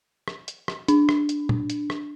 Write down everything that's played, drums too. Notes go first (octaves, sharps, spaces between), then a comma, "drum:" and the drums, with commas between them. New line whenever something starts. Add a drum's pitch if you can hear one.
drum: rim click
drum: hi-hat
drum: rim click
D4, drum: hi-hat
drum: rim click
drum: hi-hat
drum: tom A#2
drum: hi-hat
drum: rim click